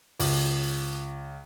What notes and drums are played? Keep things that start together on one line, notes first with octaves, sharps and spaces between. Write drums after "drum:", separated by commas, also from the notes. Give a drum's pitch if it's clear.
C#2, drum: open hi-hat